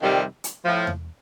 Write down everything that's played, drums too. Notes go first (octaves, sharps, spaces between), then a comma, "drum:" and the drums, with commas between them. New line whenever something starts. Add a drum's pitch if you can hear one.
F2 C3 D#3 G3
drum: hi-hat
A2 F3
drum: tom E2